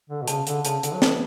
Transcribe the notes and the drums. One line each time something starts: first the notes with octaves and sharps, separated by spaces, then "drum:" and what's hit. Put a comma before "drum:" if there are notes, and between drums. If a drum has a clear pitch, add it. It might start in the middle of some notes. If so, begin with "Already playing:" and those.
D3
B2
C#3 A5, drum: hi-hat
D3, drum: hi-hat
C#3 A5, drum: hi-hat
D3, drum: hi-hat
F#3
E3 A4, drum: snare